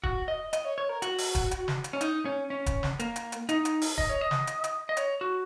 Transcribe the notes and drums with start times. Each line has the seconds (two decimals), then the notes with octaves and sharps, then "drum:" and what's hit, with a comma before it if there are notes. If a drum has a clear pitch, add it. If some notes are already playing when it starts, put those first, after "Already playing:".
0.04 F#4, drum: kick D#1
0.28 D#5
0.53 D#5, drum: hi-hat
0.65 C#5
0.78 C#5
0.89 A#4
1.02 F#4, drum: hi-hat
1.18 drum: open hi-hat
1.35 drum: kick D#1, hi-hat
1.51 drum: hi-hat
1.68 drum: snare
1.84 drum: hi-hat
1.93 C#4
2.01 D#4, drum: hi-hat
2.25 C#4
2.50 C#4
2.66 drum: kick D#1, hi-hat
2.83 drum: snare
3.00 A#3, drum: hi-hat
3.16 drum: hi-hat
3.32 drum: hi-hat
3.49 D#4, drum: hi-hat
3.65 drum: hi-hat
3.82 drum: open hi-hat
3.98 D#5, drum: kick D#1
4.09 C#5
4.21 D#5
4.31 drum: snare
4.47 drum: hi-hat
4.64 drum: hi-hat
4.89 D#5
4.97 C#5, drum: hi-hat
5.21 F#4